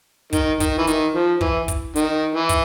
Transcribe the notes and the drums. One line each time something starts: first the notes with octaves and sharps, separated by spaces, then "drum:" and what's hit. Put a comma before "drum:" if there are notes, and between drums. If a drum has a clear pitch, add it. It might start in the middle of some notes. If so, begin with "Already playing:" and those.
D#3, drum: kick, hi-hat
D#3, drum: kick, hi-hat
E3
D#3, drum: hi-hat
F3
E3, drum: kick
drum: kick, hi-hat
D#3, drum: hi-hat
E3
drum: kick, hi-hat